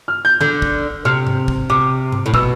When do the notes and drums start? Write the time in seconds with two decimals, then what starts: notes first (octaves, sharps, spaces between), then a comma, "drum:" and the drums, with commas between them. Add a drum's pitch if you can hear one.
0.08 F6
0.25 G6
0.41 D3 G6, drum: tom D3
0.62 drum: kick
1.05 C3 F6
1.27 drum: tom G#2
1.48 drum: kick
1.70 C3 D6
2.12 drum: tom G#2
2.26 A2
2.34 B2 E6, drum: kick